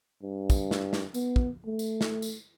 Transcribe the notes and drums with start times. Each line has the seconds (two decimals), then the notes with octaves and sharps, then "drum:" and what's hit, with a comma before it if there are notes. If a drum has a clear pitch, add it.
0.22 G2
0.50 drum: kick, tambourine
0.71 drum: snare
0.93 drum: snare
1.14 B3, drum: tambourine
1.36 drum: kick
1.66 A3
1.79 drum: tambourine
2.01 drum: snare
2.22 drum: tambourine